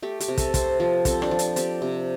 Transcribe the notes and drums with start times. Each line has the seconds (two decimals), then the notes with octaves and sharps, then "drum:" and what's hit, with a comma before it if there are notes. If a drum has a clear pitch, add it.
0.03 A3 G4
0.20 G4, drum: hi-hat
0.28 C3
0.38 A4, drum: kick, hi-hat
0.54 C4 C5, drum: kick, hi-hat
0.80 F3
1.05 C4 A4, drum: kick, hi-hat
1.22 D4, drum: rim click
1.31 F3
1.39 D4, drum: hi-hat
1.56 C4 G4, drum: hi-hat
1.82 C3